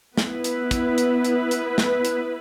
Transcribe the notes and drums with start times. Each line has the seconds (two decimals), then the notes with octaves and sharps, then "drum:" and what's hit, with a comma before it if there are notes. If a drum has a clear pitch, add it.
0.17 B3 E4 B4, drum: snare
0.44 drum: hi-hat
0.71 drum: kick, hi-hat
0.98 drum: hi-hat
1.24 drum: hi-hat
1.51 drum: hi-hat
1.78 drum: snare
2.05 drum: hi-hat